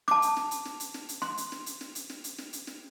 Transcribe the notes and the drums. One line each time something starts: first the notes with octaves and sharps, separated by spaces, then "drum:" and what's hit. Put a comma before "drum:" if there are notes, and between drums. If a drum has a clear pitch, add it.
A5 D6, drum: snare
drum: hi-hat
drum: snare
drum: hi-hat
drum: snare
drum: hi-hat
drum: snare
drum: hi-hat
C6, drum: snare
drum: hi-hat
drum: snare
drum: hi-hat
drum: snare
drum: hi-hat
drum: snare
drum: hi-hat
drum: snare
drum: hi-hat
drum: snare